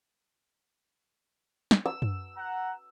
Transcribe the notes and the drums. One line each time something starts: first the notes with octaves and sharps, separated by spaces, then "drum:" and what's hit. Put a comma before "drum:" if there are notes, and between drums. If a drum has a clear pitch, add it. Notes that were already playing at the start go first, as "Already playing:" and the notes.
drum: snare
E6
drum: tom F#2
F#5 A#5